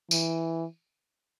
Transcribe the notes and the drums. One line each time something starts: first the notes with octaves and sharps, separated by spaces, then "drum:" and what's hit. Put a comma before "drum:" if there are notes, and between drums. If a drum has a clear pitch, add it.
E3, drum: tambourine